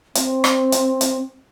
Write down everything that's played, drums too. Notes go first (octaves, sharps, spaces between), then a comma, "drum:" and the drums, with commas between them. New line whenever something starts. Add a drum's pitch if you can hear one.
C4, drum: hi-hat
drum: rim click
drum: hi-hat
drum: hi-hat